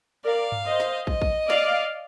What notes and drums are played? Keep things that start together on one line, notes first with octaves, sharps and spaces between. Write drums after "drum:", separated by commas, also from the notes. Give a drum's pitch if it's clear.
A#4 D5 F5
drum: tom G2
C5 D#5
drum: snare
D#5, drum: kick
drum: kick
D5 F5, drum: snare